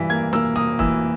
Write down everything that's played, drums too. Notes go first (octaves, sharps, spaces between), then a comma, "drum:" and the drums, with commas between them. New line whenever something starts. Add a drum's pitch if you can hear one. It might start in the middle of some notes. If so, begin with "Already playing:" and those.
Already playing: G2 E3 B6
A#3 G#6
A#3 E6, drum: snare
A#3 D#6, drum: hi-hat
E3 E6, drum: kick